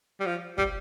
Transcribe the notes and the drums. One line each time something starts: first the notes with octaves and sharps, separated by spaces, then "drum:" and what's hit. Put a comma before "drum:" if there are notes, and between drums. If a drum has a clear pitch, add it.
G3
F3
G3, drum: kick